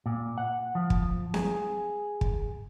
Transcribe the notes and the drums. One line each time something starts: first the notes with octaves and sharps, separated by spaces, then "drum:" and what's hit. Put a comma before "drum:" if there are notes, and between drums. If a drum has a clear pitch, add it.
A#2
F#5
F3
drum: kick
G#4, drum: snare C4
drum: kick